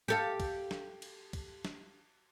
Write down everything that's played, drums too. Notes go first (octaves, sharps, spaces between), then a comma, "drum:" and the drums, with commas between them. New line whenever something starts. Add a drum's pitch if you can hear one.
G4 A4 F5
drum: kick, cymbal
drum: snare
drum: cymbal
drum: kick, cymbal
drum: snare